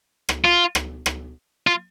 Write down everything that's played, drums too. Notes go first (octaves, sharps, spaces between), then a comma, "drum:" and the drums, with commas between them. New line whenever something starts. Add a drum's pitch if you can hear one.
drum: rim click
F4
drum: rim click
drum: rim click
F4